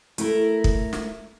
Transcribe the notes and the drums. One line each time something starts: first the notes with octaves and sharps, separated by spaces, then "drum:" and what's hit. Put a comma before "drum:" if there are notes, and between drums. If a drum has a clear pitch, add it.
A3 E4 A#4, drum: hi-hat
drum: kick
drum: snare